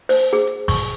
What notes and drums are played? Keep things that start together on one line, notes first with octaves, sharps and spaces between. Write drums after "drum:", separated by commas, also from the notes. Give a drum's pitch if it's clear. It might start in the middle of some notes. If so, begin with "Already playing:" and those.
C5, drum: open hi-hat
G#4
drum: hi-hat
C#6, drum: kick G#1, open hi-hat